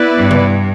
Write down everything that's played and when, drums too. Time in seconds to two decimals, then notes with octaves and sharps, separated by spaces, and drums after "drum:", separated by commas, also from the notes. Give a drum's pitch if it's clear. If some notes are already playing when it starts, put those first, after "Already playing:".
Already playing: B3 E4 B4 D5
0.17 G2
0.31 drum: tom C3